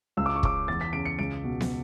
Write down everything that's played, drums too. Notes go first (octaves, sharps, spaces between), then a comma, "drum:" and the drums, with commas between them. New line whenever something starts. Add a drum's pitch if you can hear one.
C#2 E6
D6
C#6
C#3 D6, drum: kick
E2 A6
B6
C#3 D7
C#7
C#2 D7
B2
drum: snare